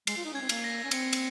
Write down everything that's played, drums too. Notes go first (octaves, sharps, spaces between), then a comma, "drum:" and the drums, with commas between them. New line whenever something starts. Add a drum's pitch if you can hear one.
G#3 C7, drum: cymbal
F4
D#4
C#4 G#6
C4
A#3, drum: cymbal
A#6
C#4
C4 C#7, drum: cymbal
drum: cymbal